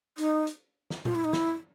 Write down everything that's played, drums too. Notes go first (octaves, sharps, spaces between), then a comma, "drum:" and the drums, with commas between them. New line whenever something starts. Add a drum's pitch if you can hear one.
D#4, drum: hi-hat
drum: hi-hat
drum: snare
F4, drum: tom A#2
E4
D#4
E4, drum: snare